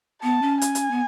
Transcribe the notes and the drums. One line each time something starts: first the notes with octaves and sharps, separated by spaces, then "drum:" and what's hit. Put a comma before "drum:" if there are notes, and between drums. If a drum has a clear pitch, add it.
B3 A5
C#4
G#5, drum: hi-hat
drum: hi-hat
B3